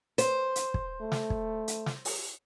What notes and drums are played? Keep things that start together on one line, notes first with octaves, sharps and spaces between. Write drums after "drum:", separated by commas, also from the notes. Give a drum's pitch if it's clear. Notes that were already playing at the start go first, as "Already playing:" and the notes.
C5, drum: hi-hat
drum: hi-hat
drum: kick
A3
drum: snare
drum: kick
drum: hi-hat
drum: snare
drum: open hi-hat